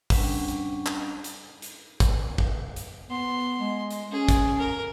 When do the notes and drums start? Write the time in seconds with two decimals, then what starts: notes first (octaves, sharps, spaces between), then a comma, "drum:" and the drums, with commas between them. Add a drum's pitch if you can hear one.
0.10 G3 C#4 D4 F#5 C#6, drum: kick, open hi-hat
0.48 drum: hi-hat
0.86 drum: clap
1.24 drum: hi-hat
1.62 drum: hi-hat
2.00 drum: kick, hi-hat
2.38 drum: kick
2.76 drum: hi-hat
3.10 B3 C6
3.60 G#3
3.91 drum: hi-hat
4.12 C#4 G#4
4.29 drum: kick, hi-hat
4.59 A#4